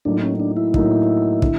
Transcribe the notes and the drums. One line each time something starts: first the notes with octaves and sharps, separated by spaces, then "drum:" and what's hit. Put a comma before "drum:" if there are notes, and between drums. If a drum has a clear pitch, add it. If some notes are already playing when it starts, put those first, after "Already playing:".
A2 F#3 A#3 D4 D#4
C#4
D4
E4
A2 F#3 A#3 D#4, drum: kick
D3, drum: kick